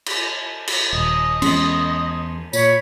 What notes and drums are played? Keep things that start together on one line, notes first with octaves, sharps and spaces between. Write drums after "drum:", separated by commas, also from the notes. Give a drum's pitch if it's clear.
drum: cymbal
drum: cymbal
D#1 D#5
E2 G#3 C#4 C6, drum: cymbal
A#2 C#5 B5, drum: tambourine